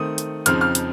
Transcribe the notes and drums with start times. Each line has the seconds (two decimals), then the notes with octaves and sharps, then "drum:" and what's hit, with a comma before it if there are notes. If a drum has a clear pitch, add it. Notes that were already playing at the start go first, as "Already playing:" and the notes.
Already playing: D#3 A3 C4 D#6
0.18 drum: hi-hat
0.46 F2 C#3 F3 C4 D#4 F6, drum: hi-hat
0.61 F6
0.75 drum: hi-hat